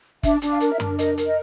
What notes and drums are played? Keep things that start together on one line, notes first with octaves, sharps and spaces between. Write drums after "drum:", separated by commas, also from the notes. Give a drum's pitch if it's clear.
D4 E5, drum: kick, hi-hat
D4, drum: hi-hat
F5
A#4, drum: hi-hat
E5
D4, drum: tom F#2
A#4 D#5, drum: hi-hat
A#4, drum: hi-hat
D#5